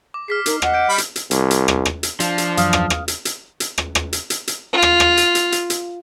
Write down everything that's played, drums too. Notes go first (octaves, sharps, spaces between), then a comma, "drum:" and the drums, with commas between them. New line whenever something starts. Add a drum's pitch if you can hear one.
D6
G#4 F6 B6 C7
D#4 A#4, drum: hi-hat
D#5 F#5, drum: rim click
G6 D7
G3 B5
drum: hi-hat
drum: hi-hat
C2, drum: hi-hat
drum: hi-hat
drum: rim click
drum: rim click
drum: hi-hat
F3 D4, drum: hi-hat
drum: hi-hat
F#2 E3 F#3 F5 D#6 F6, drum: hi-hat
drum: rim click
drum: rim click
drum: hi-hat
drum: hi-hat
drum: hi-hat
drum: rim click
drum: rim click
drum: hi-hat
drum: hi-hat
drum: hi-hat
F4
drum: rim click
drum: rim click
drum: hi-hat
drum: hi-hat
drum: hi-hat
drum: hi-hat